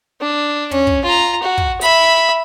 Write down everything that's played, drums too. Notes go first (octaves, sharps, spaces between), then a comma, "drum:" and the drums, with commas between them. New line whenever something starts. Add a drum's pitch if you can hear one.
D4
C#4, drum: tom
drum: kick
F4 A#5
F#4
drum: kick
E5 B5, drum: hi-hat